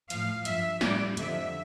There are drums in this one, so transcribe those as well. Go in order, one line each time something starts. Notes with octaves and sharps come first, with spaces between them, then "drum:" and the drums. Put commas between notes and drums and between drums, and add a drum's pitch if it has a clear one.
A2 F3 F5, drum: hi-hat
G2 F3 E5, drum: hi-hat
A2 G3 D5, drum: snare
F2 D3 F3 E5, drum: hi-hat